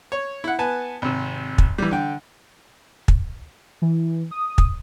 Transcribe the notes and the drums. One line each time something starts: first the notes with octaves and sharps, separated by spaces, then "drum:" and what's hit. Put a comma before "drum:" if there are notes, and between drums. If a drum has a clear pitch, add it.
C#5
E4 F#5
B3 B4 G#5 A5
G#1 C3
drum: kick
E3 G3
D3 G5
drum: kick
E3
D#6
drum: kick